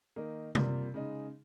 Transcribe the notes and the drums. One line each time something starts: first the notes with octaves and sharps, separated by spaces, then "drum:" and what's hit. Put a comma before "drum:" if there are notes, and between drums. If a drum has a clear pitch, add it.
D#3 A#3 D#4 A#4
C3 G3 A#3 F4, drum: tom C3
C#3 G#3 D#4